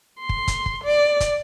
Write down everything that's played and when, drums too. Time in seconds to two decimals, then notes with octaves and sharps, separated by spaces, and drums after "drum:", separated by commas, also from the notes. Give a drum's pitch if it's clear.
0.20 C6
0.29 drum: kick
0.48 drum: kick, hi-hat
0.66 drum: kick
0.84 D5
1.20 drum: kick, hi-hat